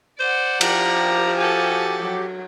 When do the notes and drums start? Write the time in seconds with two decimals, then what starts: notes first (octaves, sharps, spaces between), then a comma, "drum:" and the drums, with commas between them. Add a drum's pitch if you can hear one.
0.20 C5 D5 F#5
0.61 F3 G4 A#5, drum: cymbal
1.38 F#4 A4 G#5
2.00 F#3